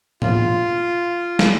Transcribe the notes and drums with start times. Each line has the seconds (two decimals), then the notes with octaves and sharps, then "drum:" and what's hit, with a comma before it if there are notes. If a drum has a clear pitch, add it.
0.22 F4, drum: tom A2
1.39 drum: snare